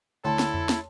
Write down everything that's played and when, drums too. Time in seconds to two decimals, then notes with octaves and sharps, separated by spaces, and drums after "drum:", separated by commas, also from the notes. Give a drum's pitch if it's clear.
0.24 D2 E4 A4 C#5 A5 C6
0.39 drum: snare
0.54 drum: tom E2
0.69 drum: snare